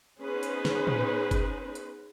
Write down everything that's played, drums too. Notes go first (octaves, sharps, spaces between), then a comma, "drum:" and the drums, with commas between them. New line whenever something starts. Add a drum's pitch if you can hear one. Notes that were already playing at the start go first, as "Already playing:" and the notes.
B3 C#4 D#4 G#4 B4 C5
drum: hi-hat
drum: snare
drum: tom
drum: kick F#1, hi-hat
drum: hi-hat